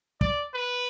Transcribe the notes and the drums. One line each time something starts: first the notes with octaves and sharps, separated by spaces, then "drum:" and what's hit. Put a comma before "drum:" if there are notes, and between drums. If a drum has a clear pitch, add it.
D5, drum: kick
B4